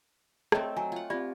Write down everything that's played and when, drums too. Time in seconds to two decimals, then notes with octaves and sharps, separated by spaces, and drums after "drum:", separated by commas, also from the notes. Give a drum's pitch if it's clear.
0.52 A3 C4 C#5 D#5 G5, drum: rim click
0.77 F#3 G#5
0.92 F4 F#5
1.10 C4 F4 G4 D5 E5 B5